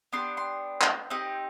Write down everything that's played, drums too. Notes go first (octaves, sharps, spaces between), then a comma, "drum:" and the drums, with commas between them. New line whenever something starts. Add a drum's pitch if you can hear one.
B3 D4 G4 C6
C6
drum: clap
C4 D#4 G4